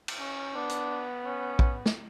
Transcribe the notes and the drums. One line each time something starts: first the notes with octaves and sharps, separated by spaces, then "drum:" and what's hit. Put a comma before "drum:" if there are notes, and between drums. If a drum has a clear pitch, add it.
drum: cymbal
C#4
B3 D4
drum: hi-hat
C#4
drum: kick A#1
drum: snare